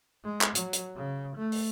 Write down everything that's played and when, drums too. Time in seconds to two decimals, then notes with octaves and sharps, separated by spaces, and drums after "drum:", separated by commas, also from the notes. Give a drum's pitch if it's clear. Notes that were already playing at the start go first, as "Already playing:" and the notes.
0.24 G#3
0.41 drum: clap
0.55 F#3, drum: hi-hat
0.73 drum: hi-hat
0.96 C#3
1.36 A3
1.52 drum: open hi-hat